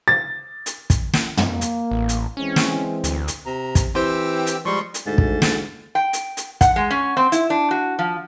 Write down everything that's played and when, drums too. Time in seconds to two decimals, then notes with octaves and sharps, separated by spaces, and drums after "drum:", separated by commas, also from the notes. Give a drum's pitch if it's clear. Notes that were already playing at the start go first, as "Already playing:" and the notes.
0.08 A6
0.66 drum: hi-hat
0.90 drum: kick, hi-hat
1.14 drum: snare
1.37 drum: tom
1.48 A#3
1.61 drum: hi-hat
1.91 A1
2.09 drum: hi-hat
2.37 E3 G#3 C4 C#4
2.56 drum: snare
3.04 D2, drum: hi-hat
3.28 drum: hi-hat
3.46 C3 A#5
3.75 drum: kick, hi-hat
3.95 E3 C4 G4 C5 G5 E6
4.47 drum: hi-hat
4.65 F3 G3 G#3 C6 C#6
4.94 drum: hi-hat
5.06 D2 G#2 A3 A6
5.18 drum: kick
5.42 drum: snare
5.95 G5
6.13 drum: hi-hat
6.37 drum: hi-hat
6.61 F#5, drum: kick, hi-hat
6.76 G#3
6.90 C#4
7.17 C4
7.32 E4, drum: hi-hat
7.50 D4
7.71 F#4
7.99 F3